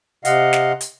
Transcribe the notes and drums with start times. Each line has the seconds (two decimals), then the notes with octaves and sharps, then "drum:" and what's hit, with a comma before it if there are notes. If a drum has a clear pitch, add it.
0.25 C3 D#5 F5 F#5, drum: hi-hat
0.53 drum: snare
0.81 drum: hi-hat